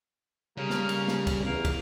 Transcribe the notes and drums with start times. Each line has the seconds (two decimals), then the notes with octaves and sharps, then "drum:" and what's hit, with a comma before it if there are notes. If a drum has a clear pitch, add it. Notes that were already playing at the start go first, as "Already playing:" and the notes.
0.57 C#3 G3 A#3
0.70 drum: snare
0.89 drum: cymbal
1.08 drum: snare
1.27 drum: kick, cymbal
1.46 E2 A#3
1.65 drum: kick, cymbal